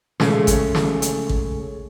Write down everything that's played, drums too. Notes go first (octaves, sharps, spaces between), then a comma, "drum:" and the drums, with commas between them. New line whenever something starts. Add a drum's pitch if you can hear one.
C#3 G#3 A3 C#4, drum: snare
drum: kick, hi-hat
drum: snare
drum: hi-hat
drum: kick